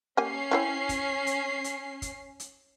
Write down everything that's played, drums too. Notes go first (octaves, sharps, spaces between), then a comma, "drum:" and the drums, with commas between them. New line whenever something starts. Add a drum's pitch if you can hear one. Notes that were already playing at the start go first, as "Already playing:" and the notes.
A#3 C#4 G4 G#5 C7
C4 E4 C#5
drum: kick, hi-hat
drum: hi-hat
drum: hi-hat
drum: kick, hi-hat
drum: hi-hat